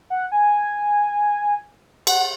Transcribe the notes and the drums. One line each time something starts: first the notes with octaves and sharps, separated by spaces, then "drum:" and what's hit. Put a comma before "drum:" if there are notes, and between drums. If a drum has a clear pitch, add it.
F#5
G#5
F#5, drum: cymbal